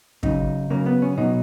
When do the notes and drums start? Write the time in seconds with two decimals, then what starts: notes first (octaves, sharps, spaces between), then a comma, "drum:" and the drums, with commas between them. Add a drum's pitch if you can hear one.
0.23 C#3 F#3 D#4, drum: kick
0.70 C#3 F#3 A#3
0.86 B3
1.02 C#4
1.18 B2 F#3 D#4